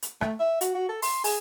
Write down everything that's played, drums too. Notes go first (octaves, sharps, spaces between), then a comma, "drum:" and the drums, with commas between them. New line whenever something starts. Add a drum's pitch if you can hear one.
drum: hi-hat
A3, drum: rim click
E5
F#4, drum: hi-hat
F#4
A4
C6, drum: open hi-hat
G#4, drum: open hi-hat